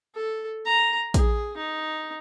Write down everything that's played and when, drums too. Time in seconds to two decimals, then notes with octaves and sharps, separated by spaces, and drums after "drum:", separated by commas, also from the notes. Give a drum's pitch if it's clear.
0.15 A4
0.65 A#5
1.14 G#4, drum: kick, hi-hat
1.57 D#4